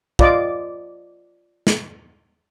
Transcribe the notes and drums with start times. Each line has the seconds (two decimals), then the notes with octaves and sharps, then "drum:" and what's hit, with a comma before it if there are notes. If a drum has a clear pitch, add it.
0.19 F4 D5 D#5 D6, drum: kick
1.67 drum: snare